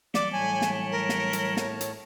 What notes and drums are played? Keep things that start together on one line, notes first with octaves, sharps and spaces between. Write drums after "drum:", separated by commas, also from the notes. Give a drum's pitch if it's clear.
E3 F#3 G3 D5, drum: snare
A2 C#5 G#5 A5
drum: snare
A#4
drum: snare
drum: hi-hat
drum: snare
drum: hi-hat